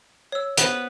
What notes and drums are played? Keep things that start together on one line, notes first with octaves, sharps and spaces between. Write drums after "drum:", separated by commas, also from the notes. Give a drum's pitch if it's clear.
C#5 E6
B3 B4 C5 F7, drum: hi-hat